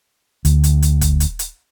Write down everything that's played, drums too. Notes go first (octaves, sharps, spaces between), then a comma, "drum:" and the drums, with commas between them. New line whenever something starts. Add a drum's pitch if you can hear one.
D2, drum: hi-hat
drum: hi-hat
drum: hi-hat
drum: kick, hi-hat
drum: hi-hat
drum: hi-hat